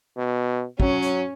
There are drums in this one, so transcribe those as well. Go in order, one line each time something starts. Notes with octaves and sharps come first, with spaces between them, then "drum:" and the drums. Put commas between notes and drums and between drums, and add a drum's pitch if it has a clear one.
B2
F#3 C#4, drum: kick
drum: hi-hat